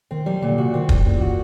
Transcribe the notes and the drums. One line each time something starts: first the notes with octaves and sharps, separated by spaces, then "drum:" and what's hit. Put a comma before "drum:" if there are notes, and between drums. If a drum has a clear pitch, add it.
D#3 C4
F#3 G3
A#2 D3
C3 F#4
D#3 C4
A2 G3, drum: kick
F#2 A#2
F#4